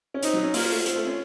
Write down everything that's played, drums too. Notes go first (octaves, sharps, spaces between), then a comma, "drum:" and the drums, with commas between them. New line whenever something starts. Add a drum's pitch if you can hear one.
C#4
C4 D#4, drum: hi-hat
F#3
C#4
A#3 F4, drum: open hi-hat
A3
C4, drum: hi-hat
A3
C#4